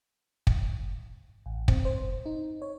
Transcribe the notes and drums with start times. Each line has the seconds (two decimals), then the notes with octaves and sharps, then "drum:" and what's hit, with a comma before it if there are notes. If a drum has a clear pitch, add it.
0.47 drum: kick
1.46 A1
1.68 C4, drum: kick
1.85 C5
2.26 D#4
2.62 C#5